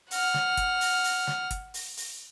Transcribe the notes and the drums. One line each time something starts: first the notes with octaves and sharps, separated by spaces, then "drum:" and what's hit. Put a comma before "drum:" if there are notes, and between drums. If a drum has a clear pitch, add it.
F#5 F6, drum: open hi-hat
drum: snare
drum: kick, hi-hat
drum: open hi-hat
drum: open hi-hat
drum: snare
drum: kick, hi-hat
drum: open hi-hat
drum: open hi-hat